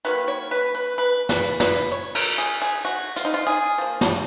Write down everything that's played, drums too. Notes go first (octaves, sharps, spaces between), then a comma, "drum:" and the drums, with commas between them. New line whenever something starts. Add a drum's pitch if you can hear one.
D#3 F#3 A#3 B4
C#5
B4
B4
B4
B4, drum: snare
B4, drum: snare
C#5
A#4, drum: cymbal
G#4
G#4
F#4
F4, drum: hi-hat
D#4
F4
G#4
F3 A#3
drum: snare